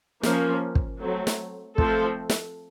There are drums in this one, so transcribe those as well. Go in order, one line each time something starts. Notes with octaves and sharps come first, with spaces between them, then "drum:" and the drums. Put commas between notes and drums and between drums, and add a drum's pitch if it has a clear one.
F3 A#3 C#4, drum: snare
drum: kick
F#3 A3 C4
drum: snare
F3 A3 C4 A4, drum: kick
drum: snare